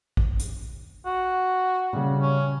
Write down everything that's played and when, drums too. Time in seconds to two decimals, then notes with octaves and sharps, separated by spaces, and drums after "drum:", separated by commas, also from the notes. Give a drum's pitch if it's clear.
0.17 drum: kick A1
0.40 drum: hi-hat
1.06 F#4
1.93 C#3 G3, drum: tom A#2
2.22 C#4